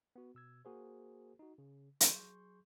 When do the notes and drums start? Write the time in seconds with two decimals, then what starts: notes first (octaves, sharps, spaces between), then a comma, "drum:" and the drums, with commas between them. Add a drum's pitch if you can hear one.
0.16 B3 F#4
0.35 B2 E6 G#6
0.65 A#3 F#4 G#4 A#4 C5
1.39 D#4 F#4
1.58 C#3
2.01 F#3 G#4 C6 C#6 G6, drum: hi-hat